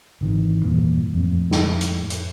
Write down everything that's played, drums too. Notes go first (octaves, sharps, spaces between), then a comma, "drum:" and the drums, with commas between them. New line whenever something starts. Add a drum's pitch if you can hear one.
G#1 D#3 E3
E2 G2 A#2 E3
F2 A2
drum: snare
drum: hi-hat
drum: hi-hat